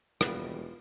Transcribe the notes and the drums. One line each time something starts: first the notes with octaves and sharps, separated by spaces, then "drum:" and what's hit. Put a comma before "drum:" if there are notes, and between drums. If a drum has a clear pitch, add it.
E1 D#2 G3 B3 F4, drum: rim click